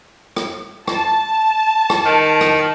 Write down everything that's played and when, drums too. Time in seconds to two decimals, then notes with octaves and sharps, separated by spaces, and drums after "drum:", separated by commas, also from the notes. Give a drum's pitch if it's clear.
0.36 drum: rim click
0.88 A5, drum: rim click
1.90 drum: rim click
2.05 D#3
2.41 drum: rim click